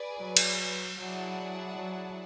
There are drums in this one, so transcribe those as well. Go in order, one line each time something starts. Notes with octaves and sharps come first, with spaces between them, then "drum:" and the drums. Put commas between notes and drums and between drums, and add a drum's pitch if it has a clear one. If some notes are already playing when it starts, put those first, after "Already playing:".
Already playing: G#4 B4 D5 G#5
F#3
drum: cymbal
F#3 E4 G#4 D5 F#5 A5
F#3